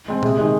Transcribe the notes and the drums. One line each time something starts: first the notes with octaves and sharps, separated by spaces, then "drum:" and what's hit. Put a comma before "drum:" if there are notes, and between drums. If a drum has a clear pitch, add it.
G#3 C4
C3 G#4, drum: tom A#2
D#3 G#3